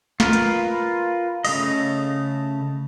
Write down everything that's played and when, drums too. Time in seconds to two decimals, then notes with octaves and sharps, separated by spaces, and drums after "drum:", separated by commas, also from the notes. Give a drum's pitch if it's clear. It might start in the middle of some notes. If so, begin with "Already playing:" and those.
0.20 F4 A#4 B4, drum: snare
0.33 drum: hi-hat
1.45 C#3 A3 D#5, drum: cymbal